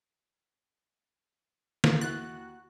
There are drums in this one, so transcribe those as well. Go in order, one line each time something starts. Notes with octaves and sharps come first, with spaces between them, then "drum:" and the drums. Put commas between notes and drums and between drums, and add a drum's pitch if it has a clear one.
drum: snare
D#2 E4 F#4 F#6 A6